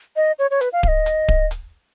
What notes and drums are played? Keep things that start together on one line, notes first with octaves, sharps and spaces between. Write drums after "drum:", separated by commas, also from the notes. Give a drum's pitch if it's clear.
D#5
C#5
C#5
B4, drum: hi-hat
F5
F5, drum: kick D1
D#5
drum: hi-hat
drum: kick D1
drum: hi-hat